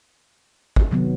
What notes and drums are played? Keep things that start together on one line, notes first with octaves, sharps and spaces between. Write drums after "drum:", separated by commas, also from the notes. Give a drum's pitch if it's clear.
drum: kick
C3 D#3 F#3 B3